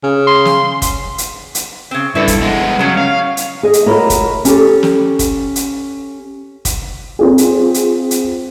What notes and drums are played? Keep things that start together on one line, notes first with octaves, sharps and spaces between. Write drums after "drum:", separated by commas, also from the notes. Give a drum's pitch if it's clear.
C#3
C6
drum: snare
drum: kick, hi-hat
drum: hi-hat
drum: hi-hat
C#3 C4
G2 E4 A4 B4
drum: kick, hi-hat
G#3 B3
C#3 F#3 C#4
F5
drum: hi-hat
G#4 D#5
drum: hi-hat
E4 F#4 A#4 C#5 D#5
drum: kick, hi-hat
C#4 G4 A4, drum: hi-hat
drum: snare
drum: kick, hi-hat
drum: hi-hat
drum: kick, hi-hat
C4 F4 G#4
drum: hi-hat
drum: hi-hat
drum: hi-hat